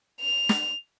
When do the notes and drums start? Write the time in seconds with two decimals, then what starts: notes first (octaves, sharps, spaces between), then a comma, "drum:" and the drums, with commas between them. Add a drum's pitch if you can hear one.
0.21 F7
0.49 drum: snare